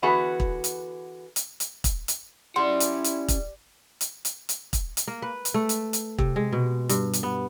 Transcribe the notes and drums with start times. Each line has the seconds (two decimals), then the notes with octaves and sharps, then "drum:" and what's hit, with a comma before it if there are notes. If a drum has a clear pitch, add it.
0.02 D3 E3 B3 F#4 G#4 B4
0.40 drum: kick
0.64 drum: hi-hat
1.36 drum: hi-hat
1.60 drum: hi-hat
1.84 drum: kick, hi-hat
2.08 drum: hi-hat
2.56 G3 C#4 E4 F#5 C6
2.80 drum: hi-hat
3.04 drum: hi-hat
3.28 drum: kick, hi-hat
4.01 drum: hi-hat
4.25 drum: hi-hat
4.49 drum: hi-hat
4.73 drum: kick, hi-hat
4.97 drum: hi-hat
5.07 A#3
5.22 B4
5.45 drum: hi-hat
5.54 A3
5.69 drum: hi-hat
5.93 drum: hi-hat
6.18 C3, drum: kick
6.36 G#3
6.53 B2
6.89 G2, drum: hi-hat
7.13 drum: hi-hat
7.23 B3